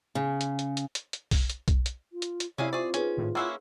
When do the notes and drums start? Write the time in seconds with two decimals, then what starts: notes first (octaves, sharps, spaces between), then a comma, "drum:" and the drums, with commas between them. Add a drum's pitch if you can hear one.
0.15 C#3
0.41 drum: hi-hat
0.59 drum: hi-hat
0.77 drum: hi-hat
0.95 drum: hi-hat
1.13 drum: hi-hat
1.31 drum: kick B1, open hi-hat
1.50 drum: hi-hat
1.68 drum: kick B1, hi-hat
1.86 drum: hi-hat
2.13 F4
2.22 drum: hi-hat
2.40 drum: hi-hat
2.58 C3 C#4 E4 G#4 D5 F5
2.73 F4 G#4 C5 D5 C#6
2.94 C#4 D#4 G#4 B4, drum: hi-hat
3.17 G#1 A2
3.35 A#3 C#4 E4 F#5 C6 E6